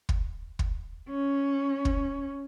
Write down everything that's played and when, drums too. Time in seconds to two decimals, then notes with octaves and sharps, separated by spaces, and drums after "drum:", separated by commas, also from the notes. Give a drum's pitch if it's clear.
0.09 drum: kick
0.59 drum: kick
1.10 C#4
1.85 drum: kick